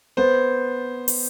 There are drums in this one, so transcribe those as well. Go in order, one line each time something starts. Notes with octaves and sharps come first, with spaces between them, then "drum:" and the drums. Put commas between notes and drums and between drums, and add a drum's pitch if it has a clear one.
B3 C5
drum: open hi-hat